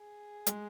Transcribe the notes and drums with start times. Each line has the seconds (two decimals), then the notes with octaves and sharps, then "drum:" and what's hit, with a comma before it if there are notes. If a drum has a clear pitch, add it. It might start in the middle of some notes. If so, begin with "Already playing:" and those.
Already playing: G#4
0.46 G#3, drum: hi-hat